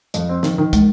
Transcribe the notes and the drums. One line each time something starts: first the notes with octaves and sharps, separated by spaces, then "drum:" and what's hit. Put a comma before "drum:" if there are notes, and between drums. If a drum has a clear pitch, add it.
F2 F3, drum: hi-hat
C4
D#3, drum: snare
D#3
G#3, drum: kick, hi-hat